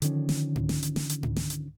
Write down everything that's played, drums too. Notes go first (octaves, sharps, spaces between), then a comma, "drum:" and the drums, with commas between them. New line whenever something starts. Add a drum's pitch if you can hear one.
D3 D#3 F3 C#4, drum: hi-hat
drum: snare
drum: tom G#2
drum: snare
drum: hi-hat
drum: snare
drum: hi-hat
drum: tom G#2
drum: snare
drum: hi-hat